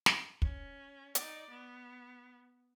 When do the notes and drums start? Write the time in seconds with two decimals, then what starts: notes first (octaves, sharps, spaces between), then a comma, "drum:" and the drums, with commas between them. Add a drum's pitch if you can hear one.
0.06 drum: snare
0.42 C#4, drum: kick
1.15 D#4 D5, drum: hi-hat
1.50 B3